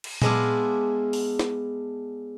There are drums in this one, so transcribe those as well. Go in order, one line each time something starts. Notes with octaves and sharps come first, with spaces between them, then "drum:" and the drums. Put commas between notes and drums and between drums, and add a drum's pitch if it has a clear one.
drum: cymbal
G#3 B3 D4 E4 F4, drum: tom A#2
drum: open hi-hat
drum: snare